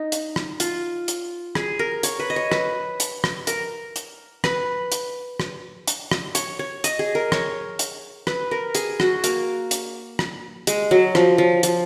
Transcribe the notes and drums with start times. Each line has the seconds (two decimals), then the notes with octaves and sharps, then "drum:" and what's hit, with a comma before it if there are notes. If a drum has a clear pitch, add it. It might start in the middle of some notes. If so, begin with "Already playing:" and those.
Already playing: D#4
0.12 drum: hi-hat
0.36 drum: rim click
0.60 F4, drum: hi-hat
1.08 drum: hi-hat
1.55 G#4, drum: rim click
1.79 A#4
2.03 C#5, drum: hi-hat
2.19 B4
2.30 D#5
2.36 C#5
2.51 B4, drum: rim click
3.00 drum: hi-hat
3.24 drum: rim click
3.47 A#4, drum: hi-hat
3.96 drum: hi-hat
4.44 B4, drum: rim click
4.92 drum: hi-hat
5.40 drum: rim click
5.88 drum: hi-hat
6.11 drum: rim click
6.35 C#5, drum: hi-hat
6.59 C#5
6.84 D#5, drum: hi-hat
6.99 G#4
7.15 A#4
7.32 C#5, drum: rim click
7.79 drum: hi-hat
8.27 B4, drum: rim click
8.51 A#4
8.75 G#4, drum: hi-hat
9.00 F#4, drum: rim click
9.24 A#3, drum: hi-hat
9.71 drum: hi-hat
10.19 drum: rim click
10.67 G#3, drum: hi-hat
10.91 F#3
11.15 F3, drum: rim click
11.38 F3
11.63 F3, drum: hi-hat